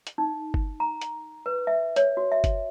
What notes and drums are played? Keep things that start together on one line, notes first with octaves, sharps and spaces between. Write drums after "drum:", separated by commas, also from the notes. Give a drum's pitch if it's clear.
drum: hi-hat
D#4
drum: kick G1
A#5
drum: hi-hat
B4
E5
C#5, drum: hi-hat
F#4
E5
drum: kick G1, hi-hat